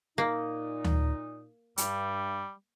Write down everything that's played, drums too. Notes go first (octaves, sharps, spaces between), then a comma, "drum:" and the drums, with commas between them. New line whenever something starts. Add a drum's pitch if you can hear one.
A#2 A#3 D#4
drum: tom D2
G2 G3, drum: hi-hat